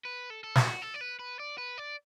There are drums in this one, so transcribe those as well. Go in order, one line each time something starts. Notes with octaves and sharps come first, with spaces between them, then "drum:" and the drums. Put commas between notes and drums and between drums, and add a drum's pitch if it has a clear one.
B4
A4
A4
F#4, drum: snare
A4
D5
B4
B4
D5
B4
D5